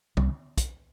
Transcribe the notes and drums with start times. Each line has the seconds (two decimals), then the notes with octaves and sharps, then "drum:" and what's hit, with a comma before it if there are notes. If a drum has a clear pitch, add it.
0.17 C2, drum: tom
0.58 drum: kick, hi-hat